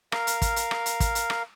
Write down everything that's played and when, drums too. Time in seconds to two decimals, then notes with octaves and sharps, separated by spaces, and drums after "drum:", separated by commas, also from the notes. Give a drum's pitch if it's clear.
0.12 A#4 F5, drum: rim click
0.27 drum: hi-hat
0.42 drum: kick, hi-hat
0.56 drum: hi-hat
0.71 drum: rim click
0.86 drum: hi-hat
1.00 drum: kick, hi-hat
1.15 drum: hi-hat
1.30 drum: rim click